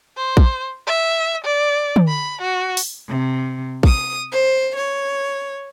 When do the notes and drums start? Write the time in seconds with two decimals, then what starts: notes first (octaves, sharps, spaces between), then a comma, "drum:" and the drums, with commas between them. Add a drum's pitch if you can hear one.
0.17 C5
0.37 drum: kick
0.87 E5
1.44 D5
1.96 drum: tom
2.08 B5
2.42 F#4
2.77 drum: open hi-hat
3.09 C3
3.83 D#6, drum: kick
4.30 C5
4.75 C#5